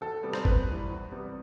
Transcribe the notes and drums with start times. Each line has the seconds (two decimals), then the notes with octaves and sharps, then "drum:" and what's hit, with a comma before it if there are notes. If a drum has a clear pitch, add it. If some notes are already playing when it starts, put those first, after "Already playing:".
0.01 E2 A4
0.23 C3 G3 B3
0.33 C5, drum: rim click
0.45 F#2 B4, drum: kick G1
0.67 E3 G3
0.90 E2
1.11 C3 G3 B3